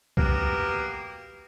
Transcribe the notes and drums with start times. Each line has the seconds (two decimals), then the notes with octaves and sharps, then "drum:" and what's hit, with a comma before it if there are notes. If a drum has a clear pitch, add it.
0.17 A#3 B3 F#4 G4, drum: kick